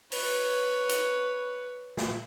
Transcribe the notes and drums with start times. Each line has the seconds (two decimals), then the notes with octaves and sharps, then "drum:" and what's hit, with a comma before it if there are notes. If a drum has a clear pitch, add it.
0.12 B4 C#5, drum: open hi-hat
0.89 drum: hi-hat
1.97 drum: snare